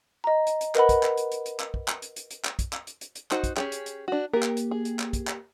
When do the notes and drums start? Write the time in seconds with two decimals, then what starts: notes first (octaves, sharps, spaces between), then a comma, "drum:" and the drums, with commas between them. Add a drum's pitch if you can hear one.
0.24 D#5 A#5
0.47 drum: hi-hat
0.61 drum: hi-hat
0.75 A#4 B4 D#5 F#5 B5, drum: clap
0.89 drum: kick, hi-hat
1.03 drum: clap
1.17 drum: hi-hat
1.31 drum: hi-hat
1.46 drum: hi-hat
1.60 drum: clap
1.74 drum: kick
1.88 drum: clap
2.02 drum: hi-hat
2.16 drum: hi-hat
2.30 drum: hi-hat
2.45 drum: clap
2.59 drum: kick, hi-hat
2.73 drum: clap
2.87 drum: hi-hat
3.01 drum: hi-hat
3.15 drum: hi-hat
3.31 D#4 F#4 C5, drum: clap
3.44 drum: kick, hi-hat
3.57 C#4 G4 G#4, drum: clap
3.72 drum: hi-hat
3.86 drum: hi-hat
4.08 D4 F#4
4.33 A#3 G4 A#4
4.43 drum: clap
4.57 drum: hi-hat
4.71 G#4
4.85 drum: hi-hat
4.99 drum: clap
5.13 drum: kick, hi-hat
5.27 drum: clap